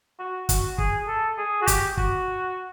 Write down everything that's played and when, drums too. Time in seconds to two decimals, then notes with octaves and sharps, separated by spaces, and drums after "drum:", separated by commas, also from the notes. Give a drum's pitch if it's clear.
0.20 F#4
0.49 F#4, drum: kick, hi-hat
0.78 G#4, drum: kick
1.08 A4
1.38 G#4
1.62 F#4
1.67 G4, drum: kick, hi-hat
1.97 F#4, drum: kick